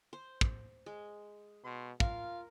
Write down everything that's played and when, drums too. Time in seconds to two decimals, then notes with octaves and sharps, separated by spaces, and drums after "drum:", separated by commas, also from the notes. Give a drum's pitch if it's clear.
0.13 C5
0.41 drum: kick
0.86 G#3
1.65 B2 C6
2.00 F4 A#4 F5, drum: kick